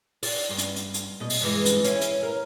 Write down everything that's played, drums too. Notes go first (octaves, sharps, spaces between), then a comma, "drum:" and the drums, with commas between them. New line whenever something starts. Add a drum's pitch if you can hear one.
D5, drum: open hi-hat
G2
drum: hi-hat
drum: hi-hat
drum: hi-hat
B2 D#5
drum: open hi-hat
G2 E3 G#3
drum: hi-hat
C#4 E4, drum: hi-hat
drum: hi-hat
A#4